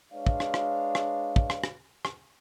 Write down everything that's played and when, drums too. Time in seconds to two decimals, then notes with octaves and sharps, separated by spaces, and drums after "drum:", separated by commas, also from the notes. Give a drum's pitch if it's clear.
0.13 G#3 D4 B4 C#5 F5
0.27 drum: kick
0.40 drum: rim click
0.54 drum: rim click
0.95 drum: rim click
1.36 drum: kick
1.50 drum: rim click
1.64 drum: rim click
2.05 drum: rim click